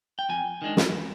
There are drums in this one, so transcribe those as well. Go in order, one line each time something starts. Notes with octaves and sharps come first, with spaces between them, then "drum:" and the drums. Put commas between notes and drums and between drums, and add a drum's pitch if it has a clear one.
G5
F2 G#5
D#3 G#3 D4
drum: snare